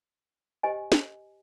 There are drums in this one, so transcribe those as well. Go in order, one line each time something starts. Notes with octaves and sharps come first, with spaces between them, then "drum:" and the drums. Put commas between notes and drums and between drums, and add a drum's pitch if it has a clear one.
G4 C5 D#5 G#5
drum: snare